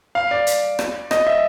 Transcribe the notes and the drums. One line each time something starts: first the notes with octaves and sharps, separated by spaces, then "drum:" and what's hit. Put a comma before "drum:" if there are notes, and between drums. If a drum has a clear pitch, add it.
F5
D5
drum: hi-hat
drum: rim click
D#5, drum: rim click
E5